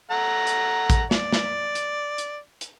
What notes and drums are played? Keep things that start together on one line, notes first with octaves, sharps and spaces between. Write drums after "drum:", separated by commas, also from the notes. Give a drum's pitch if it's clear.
A3 F#5 A#5
drum: hi-hat
drum: kick, hi-hat
D5, drum: snare
drum: snare
drum: hi-hat
drum: hi-hat
drum: hi-hat